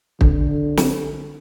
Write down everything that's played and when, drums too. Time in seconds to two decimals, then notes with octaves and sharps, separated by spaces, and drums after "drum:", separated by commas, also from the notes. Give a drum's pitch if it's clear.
0.21 D3, drum: kick
0.77 drum: snare